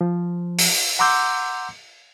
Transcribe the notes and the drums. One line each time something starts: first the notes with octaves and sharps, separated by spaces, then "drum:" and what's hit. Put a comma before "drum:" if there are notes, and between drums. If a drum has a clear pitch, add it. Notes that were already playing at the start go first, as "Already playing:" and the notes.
F3
drum: open hi-hat
F#5 A#5 C6 D6 E6 G6